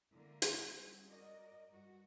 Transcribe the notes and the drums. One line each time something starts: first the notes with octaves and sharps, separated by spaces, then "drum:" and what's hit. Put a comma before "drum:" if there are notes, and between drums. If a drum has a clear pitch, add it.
D3 A#3 E4 A#4
drum: hi-hat
G3 C4 C#4 G#4
F#4 A#4 D5 D#5
G2 F#4